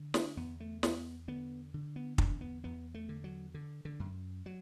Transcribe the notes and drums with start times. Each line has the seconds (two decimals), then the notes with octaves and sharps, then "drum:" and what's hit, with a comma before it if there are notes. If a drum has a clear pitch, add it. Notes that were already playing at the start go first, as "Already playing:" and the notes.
Already playing: D3
0.14 D4, drum: snare
0.37 E2 B3
0.60 A3
0.83 E2 B3, drum: snare
1.28 D3 B3
1.74 D3
1.96 B3
2.18 E2 D4, drum: kick
2.41 B3
2.64 E2 B3
2.94 A3
3.09 D3
3.24 F#3
3.54 D3
3.85 D3
4.00 F#2
4.46 F#3